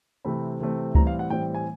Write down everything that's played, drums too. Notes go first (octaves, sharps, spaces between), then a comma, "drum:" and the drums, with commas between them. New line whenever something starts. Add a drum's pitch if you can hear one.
C3 E3 A3 C4 B5
C3 E3 A3 C4
A2 E3 G3 C4 A#5, drum: kick C#2
F5
F#5
A2 E3 G3 C4 G5
G#5